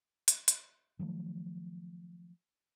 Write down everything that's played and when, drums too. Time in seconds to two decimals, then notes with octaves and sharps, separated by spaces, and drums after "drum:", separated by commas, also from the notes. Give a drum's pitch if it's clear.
0.28 drum: hi-hat
0.48 drum: hi-hat
0.99 D#3 F3 F#3 A3